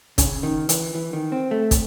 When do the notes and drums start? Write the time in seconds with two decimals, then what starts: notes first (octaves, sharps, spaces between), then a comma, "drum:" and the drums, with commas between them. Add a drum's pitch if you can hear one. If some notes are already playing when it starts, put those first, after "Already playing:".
0.18 C#3, drum: kick, hi-hat
0.43 D#3
0.69 E3, drum: hi-hat
0.95 E3
1.13 D#3
1.32 C4
1.51 A3
1.71 drum: kick, hi-hat